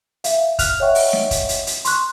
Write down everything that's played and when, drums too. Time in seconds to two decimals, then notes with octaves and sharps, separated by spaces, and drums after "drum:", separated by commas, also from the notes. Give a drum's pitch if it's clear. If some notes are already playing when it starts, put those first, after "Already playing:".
0.24 E5 F5, drum: hi-hat
0.59 F6 F#6 F7, drum: kick, hi-hat
0.80 C#5 D#5 E5 F#5 G5 C#6
0.95 drum: open hi-hat
1.13 drum: snare
1.31 drum: kick, hi-hat
1.49 drum: hi-hat
1.67 drum: hi-hat
1.85 C6 C#6 F#6, drum: hi-hat